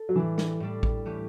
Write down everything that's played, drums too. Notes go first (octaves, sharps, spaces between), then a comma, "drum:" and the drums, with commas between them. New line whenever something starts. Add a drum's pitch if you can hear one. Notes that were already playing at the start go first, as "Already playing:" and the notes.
Already playing: A4
F#3
A2 E3 G3 D4
drum: snare
A2 G3 D4
drum: kick A1
E3 A3 C#4 G4